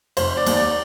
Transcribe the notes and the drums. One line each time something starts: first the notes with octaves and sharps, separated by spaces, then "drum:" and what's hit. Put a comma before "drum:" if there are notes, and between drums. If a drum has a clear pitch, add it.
F1 C5, drum: cymbal
D5
D#2 D#3, drum: cymbal
D5